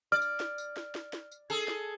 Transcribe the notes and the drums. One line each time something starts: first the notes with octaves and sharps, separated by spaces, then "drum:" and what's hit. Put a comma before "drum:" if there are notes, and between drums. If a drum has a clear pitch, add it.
D5 F6
drum: tambourine
drum: snare
drum: tambourine
drum: snare
drum: snare
drum: snare
drum: tambourine
G#4 A4, drum: tambourine
drum: snare